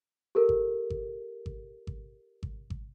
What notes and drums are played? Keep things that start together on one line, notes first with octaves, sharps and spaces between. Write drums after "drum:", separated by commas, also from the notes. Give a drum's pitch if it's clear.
G4 A4 A#4
drum: kick G#1
drum: kick G#1
drum: kick G#1
drum: kick G#1
drum: kick G#1
drum: kick G#1